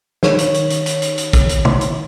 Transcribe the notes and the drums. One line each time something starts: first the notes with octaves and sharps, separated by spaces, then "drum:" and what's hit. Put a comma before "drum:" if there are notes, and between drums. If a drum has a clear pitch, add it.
D#3 C#5, drum: snare
drum: hi-hat
drum: hi-hat
drum: hi-hat
drum: hi-hat
drum: hi-hat
drum: hi-hat
drum: kick, hi-hat
drum: hi-hat
drum: tom
drum: hi-hat